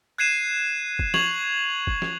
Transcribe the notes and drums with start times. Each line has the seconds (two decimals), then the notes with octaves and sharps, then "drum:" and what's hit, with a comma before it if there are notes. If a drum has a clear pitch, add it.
0.18 F#6 G#6 C7 D#7 E7
0.99 drum: kick
1.14 C#6 G#6 F7 F#7, drum: snare
1.87 drum: kick
2.02 drum: snare